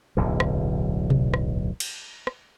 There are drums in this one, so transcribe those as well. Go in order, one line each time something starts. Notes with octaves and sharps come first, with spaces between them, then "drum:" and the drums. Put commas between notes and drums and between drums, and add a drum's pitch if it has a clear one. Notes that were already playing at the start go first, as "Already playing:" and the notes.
D1 B1 E2 D3
drum: rim click
drum: tom B2
drum: rim click
drum: cymbal
drum: rim click